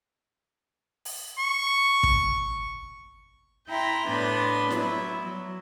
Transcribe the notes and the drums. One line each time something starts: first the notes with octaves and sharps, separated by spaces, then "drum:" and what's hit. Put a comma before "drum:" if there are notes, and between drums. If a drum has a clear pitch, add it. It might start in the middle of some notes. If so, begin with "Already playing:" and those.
drum: open hi-hat
C#6
drum: kick
E4 G5 A#5 C6
A2 B3 D4 B5 C6
F#3 B3 E4, drum: snare E4
F#3